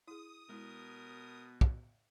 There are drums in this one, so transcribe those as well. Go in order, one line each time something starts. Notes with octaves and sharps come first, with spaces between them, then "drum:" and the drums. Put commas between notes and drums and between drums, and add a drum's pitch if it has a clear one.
E4 G#4 D#6
B2 G#3 E4 A#4
drum: kick